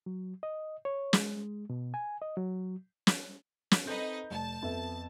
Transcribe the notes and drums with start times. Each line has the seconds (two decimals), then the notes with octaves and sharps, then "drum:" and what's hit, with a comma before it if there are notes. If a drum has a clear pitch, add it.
0.06 F#3
0.43 D#5
0.85 C#5
1.13 G#3, drum: snare
1.70 B2
1.94 G#5
2.22 D#5
2.37 F#3
3.07 drum: snare
3.71 drum: snare
3.86 C4 D#4 A4 B4 D#5 G6
4.30 F1 A5
4.62 F2 B3 E5